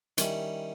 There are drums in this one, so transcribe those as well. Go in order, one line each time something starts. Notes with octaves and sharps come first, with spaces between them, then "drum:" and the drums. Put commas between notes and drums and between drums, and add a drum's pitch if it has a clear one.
D#3 G3 C#4 E4, drum: hi-hat